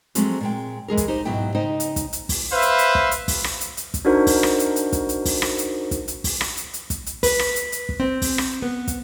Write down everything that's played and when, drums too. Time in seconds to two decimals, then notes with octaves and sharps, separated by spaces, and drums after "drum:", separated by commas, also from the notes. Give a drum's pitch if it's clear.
0.15 F3 F#3 G#3 A3 C4, drum: hi-hat
0.41 A#2 G#3 G5
0.88 E3 G#3 G#4 A#4
0.97 drum: kick, hi-hat
1.08 D#4 G4 C5
1.25 G#2 B2 F#3 B3 E4 G5
1.55 C#3 D#4 C5 D#5 G5
1.80 drum: hi-hat
1.96 drum: kick, hi-hat
2.13 drum: hi-hat
2.29 drum: kick, open hi-hat
2.53 B4 C5 E5 F5
2.62 drum: hi-hat
2.78 drum: hi-hat
2.95 drum: kick
3.11 drum: hi-hat
3.28 drum: kick, open hi-hat
3.44 drum: rim click
3.61 drum: hi-hat
3.77 drum: hi-hat
3.94 drum: kick, hi-hat
4.05 D4 D#4 F#4 A#4 C5
4.27 drum: kick, open hi-hat
4.43 drum: rim click
4.60 drum: hi-hat
4.76 drum: hi-hat
4.92 drum: kick, hi-hat
5.09 drum: hi-hat
5.25 drum: kick, open hi-hat
5.42 drum: rim click
5.58 drum: hi-hat
5.91 drum: kick, hi-hat
6.08 drum: hi-hat
6.24 drum: kick, open hi-hat
6.41 drum: rim click
6.57 drum: hi-hat
6.74 drum: hi-hat
6.90 drum: kick, hi-hat
7.06 drum: hi-hat
7.23 B4, drum: kick, open hi-hat
7.39 drum: rim click
7.56 drum: hi-hat
7.72 drum: hi-hat
7.89 drum: kick
8.00 C4
8.22 drum: kick, open hi-hat
8.38 drum: rim click
8.62 B3
8.88 drum: kick, hi-hat